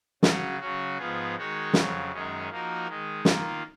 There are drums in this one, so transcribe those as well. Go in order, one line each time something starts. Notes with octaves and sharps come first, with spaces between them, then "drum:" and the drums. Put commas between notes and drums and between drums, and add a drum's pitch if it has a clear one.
C#3 F#3 C#4 F#4, drum: snare
C#3 F#3 C#4 F#4
G#2 F3 B3 F4 G#4
D#3 G#3 D#4 F#4 C#5
F2 C#3 F#3, drum: snare
F#2 D#3 G#3 C#4 G#4
F3 A#3 D#4 F#4 A#4
D#3 G#3 D#4
D#3 A#3 F4, drum: snare